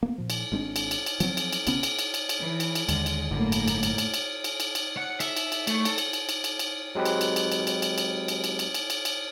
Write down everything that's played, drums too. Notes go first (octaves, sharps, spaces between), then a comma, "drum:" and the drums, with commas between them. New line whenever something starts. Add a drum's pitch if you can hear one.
A#3 B3
A#2 F3
drum: cymbal
G#1 G#3 C4 D4
drum: cymbal
drum: cymbal
drum: cymbal
F3 F#3 C4, drum: cymbal
drum: cymbal
drum: cymbal
B1 C#3 B3 C#4, drum: cymbal
drum: cymbal
drum: cymbal
drum: cymbal
drum: cymbal
E3
drum: cymbal
drum: cymbal
D#2 D3 G#3, drum: cymbal
drum: cymbal
G1 F#2 A2 D3 A#3
drum: cymbal
drum: cymbal
drum: cymbal
drum: cymbal
drum: cymbal
drum: cymbal
drum: cymbal
drum: cymbal
F#5
E5, drum: cymbal
drum: cymbal
drum: cymbal
A3, drum: cymbal
A4, drum: cymbal
drum: cymbal
drum: cymbal
drum: cymbal
drum: cymbal
drum: cymbal
F#3 G#3 C4 G4 B4
drum: cymbal
drum: cymbal
drum: cymbal
drum: cymbal
drum: cymbal
drum: cymbal
drum: cymbal
drum: cymbal
drum: cymbal
drum: cymbal
drum: cymbal
drum: cymbal
drum: cymbal